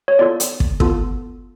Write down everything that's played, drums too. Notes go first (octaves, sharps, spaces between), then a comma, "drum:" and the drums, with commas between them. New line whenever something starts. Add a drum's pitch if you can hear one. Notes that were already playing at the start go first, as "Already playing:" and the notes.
C#5
B3 F4 A4 D5
drum: hi-hat
drum: kick
B3 F4 A4, drum: kick